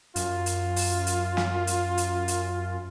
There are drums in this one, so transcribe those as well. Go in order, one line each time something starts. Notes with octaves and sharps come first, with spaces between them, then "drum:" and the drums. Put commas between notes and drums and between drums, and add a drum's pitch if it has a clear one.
F#2 F4, drum: hi-hat
drum: hi-hat
drum: open hi-hat
drum: hi-hat
drum: snare
drum: hi-hat
drum: hi-hat
drum: hi-hat